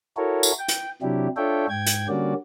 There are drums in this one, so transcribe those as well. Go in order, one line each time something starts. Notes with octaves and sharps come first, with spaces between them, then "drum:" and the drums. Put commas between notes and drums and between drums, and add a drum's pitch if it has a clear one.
E4 F#4 A4 A#4 C#5
drum: tambourine
G5
drum: hi-hat
C3 F#3 D4 E4 G4
D4 F4 A4 C#5 E5 G5
G#2 G5 G#6
drum: hi-hat
D3 G3 A#3 C#4 F#4 D5